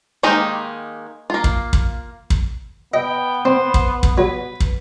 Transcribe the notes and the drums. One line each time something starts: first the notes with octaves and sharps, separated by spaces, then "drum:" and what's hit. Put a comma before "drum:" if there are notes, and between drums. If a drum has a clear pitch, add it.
D#3 G#3 A#3 D#4 G4
A#3 F4
drum: kick
drum: kick
drum: kick
B3 D#5 G5
C4 C5
drum: kick
drum: kick
F#3 B4
drum: kick